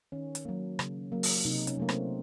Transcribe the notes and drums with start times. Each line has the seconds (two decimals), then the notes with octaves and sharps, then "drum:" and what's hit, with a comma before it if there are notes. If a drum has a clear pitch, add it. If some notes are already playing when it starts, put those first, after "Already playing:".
0.12 D#3 C#4
0.35 drum: hi-hat
0.45 F#3 A#3
0.79 C#3, drum: rim click
1.12 F#3 A#3
1.23 drum: open hi-hat
1.45 C3 D#4
1.67 C#4, drum: hi-hat
1.78 F#3 A3 A#3
1.89 C4, drum: rim click